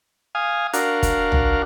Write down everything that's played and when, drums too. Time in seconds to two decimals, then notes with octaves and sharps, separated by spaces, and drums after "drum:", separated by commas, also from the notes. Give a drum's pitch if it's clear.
0.35 F5 G#5 D#6
0.73 D4 F#4 A#4 F5, drum: hi-hat
1.03 drum: kick, hi-hat
1.32 drum: tom